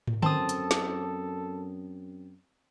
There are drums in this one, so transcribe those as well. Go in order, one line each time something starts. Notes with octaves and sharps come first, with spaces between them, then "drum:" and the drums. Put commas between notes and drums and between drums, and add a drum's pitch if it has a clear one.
drum: tom
F#2 C4 A4 A5 D#6, drum: tom D3
drum: hi-hat
drum: snare